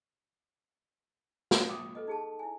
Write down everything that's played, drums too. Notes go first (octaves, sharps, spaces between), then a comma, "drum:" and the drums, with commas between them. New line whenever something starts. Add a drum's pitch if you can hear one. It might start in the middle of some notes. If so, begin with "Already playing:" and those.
drum: snare
E5 G5 D6 D#6
A4 B4 D#5
D#4 G#4 A5
E4 G#5